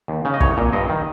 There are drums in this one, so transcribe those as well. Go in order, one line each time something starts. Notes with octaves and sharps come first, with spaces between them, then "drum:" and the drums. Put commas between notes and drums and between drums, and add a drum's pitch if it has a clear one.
D#2
C#3
D#5
C2 C#5, drum: kick
A#2
G2 D#5
D#3